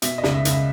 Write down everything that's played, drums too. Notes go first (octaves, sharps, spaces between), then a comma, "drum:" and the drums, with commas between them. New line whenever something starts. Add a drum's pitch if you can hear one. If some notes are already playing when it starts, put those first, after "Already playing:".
B2 E5, drum: hi-hat
D#5
C#2, drum: snare
E5
C#2, drum: hi-hat
E5